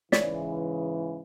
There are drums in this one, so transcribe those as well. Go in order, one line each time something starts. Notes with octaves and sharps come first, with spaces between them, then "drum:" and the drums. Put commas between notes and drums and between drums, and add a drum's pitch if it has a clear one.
G#2 C#3 E3 C#5 D5 B6, drum: snare